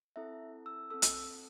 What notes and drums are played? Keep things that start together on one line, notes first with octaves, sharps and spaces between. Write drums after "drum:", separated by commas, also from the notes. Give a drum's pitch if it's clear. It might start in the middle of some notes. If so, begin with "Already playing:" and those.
C4 E4 A4 E5
E6
C4 A4 E6
drum: hi-hat